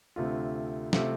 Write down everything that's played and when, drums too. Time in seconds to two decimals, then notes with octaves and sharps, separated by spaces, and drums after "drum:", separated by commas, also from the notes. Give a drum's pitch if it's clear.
0.16 D2 C3 A3 F4
0.93 C3 A3 F4, drum: snare